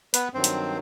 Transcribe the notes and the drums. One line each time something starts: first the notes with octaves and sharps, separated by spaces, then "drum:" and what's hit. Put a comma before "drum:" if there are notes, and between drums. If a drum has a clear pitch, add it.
B3 B4, drum: hi-hat
G2 D#3 F#3 C4 C5
drum: hi-hat